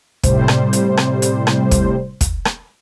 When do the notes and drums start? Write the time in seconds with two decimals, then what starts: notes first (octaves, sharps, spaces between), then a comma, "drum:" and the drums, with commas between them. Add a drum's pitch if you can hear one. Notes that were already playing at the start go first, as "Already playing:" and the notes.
0.23 A2 C3 G3 C5, drum: kick, hi-hat
0.48 drum: rim click
0.73 drum: hi-hat
0.97 drum: rim click
1.22 drum: hi-hat
1.47 drum: rim click
1.71 drum: kick, hi-hat
2.21 drum: kick, hi-hat
2.45 drum: rim click